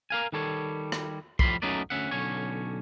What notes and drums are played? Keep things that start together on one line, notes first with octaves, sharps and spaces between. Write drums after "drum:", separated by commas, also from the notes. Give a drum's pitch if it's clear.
A#4 F5 G#5
D#3 G3 A4 C#5
drum: rim click
A2 F3 G3 B5 C6, drum: kick
F#3 A3 C#4 D#4 B4 D5
D2 C#4 E5 F#5
B1 D3 C#4 C#5